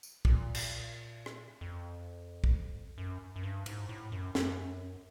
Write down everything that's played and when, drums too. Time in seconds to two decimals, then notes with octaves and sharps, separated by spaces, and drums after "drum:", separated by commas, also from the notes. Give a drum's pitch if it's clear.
0.03 drum: tambourine
0.25 A#2, drum: kick
0.55 drum: cymbal
1.26 drum: rim click
1.61 F2
2.44 drum: kick
2.98 F#2
3.36 F#2
3.43 G2
3.66 G#2, drum: cymbal
3.89 A2
4.12 F#2
4.35 F#2, drum: snare